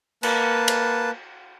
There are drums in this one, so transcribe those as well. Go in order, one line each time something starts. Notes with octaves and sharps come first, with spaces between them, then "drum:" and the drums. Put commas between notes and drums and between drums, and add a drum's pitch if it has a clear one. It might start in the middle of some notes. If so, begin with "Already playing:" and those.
A#3 B4 A5, drum: cymbal
drum: cymbal